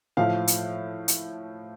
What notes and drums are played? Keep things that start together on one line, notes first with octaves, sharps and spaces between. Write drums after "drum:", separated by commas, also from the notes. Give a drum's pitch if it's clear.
A2 F3 F5
drum: hi-hat
drum: hi-hat